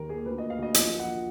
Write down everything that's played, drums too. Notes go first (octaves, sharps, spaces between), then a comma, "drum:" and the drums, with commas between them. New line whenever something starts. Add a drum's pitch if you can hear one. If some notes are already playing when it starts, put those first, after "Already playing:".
Already playing: D#2 D#3 A#4
A#3 G#4
D2 B4
D#5
A#3
F5
D2 D#5
A#1 D#5, drum: hi-hat
A#3
F#5
F3